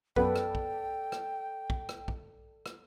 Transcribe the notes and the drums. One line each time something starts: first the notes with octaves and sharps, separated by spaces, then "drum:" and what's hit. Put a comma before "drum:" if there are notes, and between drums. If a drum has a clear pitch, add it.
F#2 B3 A4 B4 D5 G5, drum: kick
drum: rim click
drum: kick
drum: rim click
drum: kick
drum: rim click
drum: kick
drum: rim click